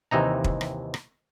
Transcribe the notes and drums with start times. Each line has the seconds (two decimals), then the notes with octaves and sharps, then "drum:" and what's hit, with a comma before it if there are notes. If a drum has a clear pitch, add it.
0.11 D#2 C3 E3 D#4 A#5
0.44 drum: kick
0.61 drum: rim click
0.94 drum: rim click